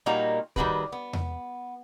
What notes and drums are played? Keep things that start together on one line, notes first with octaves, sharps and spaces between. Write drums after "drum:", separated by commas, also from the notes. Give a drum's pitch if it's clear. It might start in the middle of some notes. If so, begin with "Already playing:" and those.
A#2 G3 A#3 D#4 F#4 A#5
D#3 G3 A3 F#4 G#4 B4, drum: kick
B3
drum: tom E2